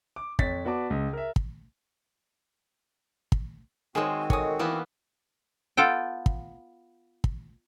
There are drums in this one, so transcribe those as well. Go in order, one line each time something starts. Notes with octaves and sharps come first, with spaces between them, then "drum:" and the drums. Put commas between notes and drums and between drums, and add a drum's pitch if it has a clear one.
D6
F2 C#5 A6 B6, drum: kick
B3 F#4 D5 A5 D6
C#2
A#4 E5
drum: kick
drum: kick
D#3 G#3 C4 F#4 G#4 C5 C#5
A4 A#4 C#5 D#5 G#5 D#6, drum: kick
E3 A#3 B3 E4
B3 F4 A4 G5
drum: kick
drum: kick